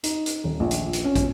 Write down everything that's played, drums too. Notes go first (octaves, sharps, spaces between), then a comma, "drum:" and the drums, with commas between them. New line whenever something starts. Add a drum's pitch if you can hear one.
D#4, drum: hi-hat
drum: hi-hat
D#1
A#1
drum: hi-hat
drum: hi-hat
C#4
drum: kick, hi-hat